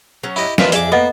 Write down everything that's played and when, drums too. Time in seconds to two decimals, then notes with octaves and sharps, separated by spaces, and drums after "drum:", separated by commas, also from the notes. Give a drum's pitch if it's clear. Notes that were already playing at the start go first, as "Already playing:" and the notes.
0.23 F#3 C#4
0.36 E4 G4 D#5
0.58 D#2 E3 D4 F4 B4, drum: snare
0.72 F2 G#4 E5 D6, drum: hi-hat
0.92 A#3 B3 A4 D#5 F#5